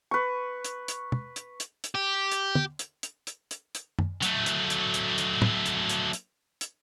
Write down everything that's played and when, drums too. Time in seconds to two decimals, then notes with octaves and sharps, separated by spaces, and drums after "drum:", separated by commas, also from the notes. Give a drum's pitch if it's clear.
0.11 B4 C#6
0.65 drum: hi-hat
0.88 drum: hi-hat
1.12 drum: tom
1.36 drum: hi-hat
1.60 drum: hi-hat
1.84 drum: hi-hat
1.95 G4
2.32 drum: hi-hat
2.55 drum: tom
2.79 drum: hi-hat
3.03 drum: hi-hat
3.27 drum: hi-hat
3.51 drum: hi-hat
3.75 drum: hi-hat
3.99 drum: tom F#2
4.22 F#3 A3, drum: hi-hat
4.46 drum: hi-hat
4.70 drum: hi-hat
4.94 drum: hi-hat
5.18 drum: hi-hat
5.42 drum: tom
5.66 drum: hi-hat
5.89 drum: hi-hat
6.13 drum: hi-hat
6.61 drum: hi-hat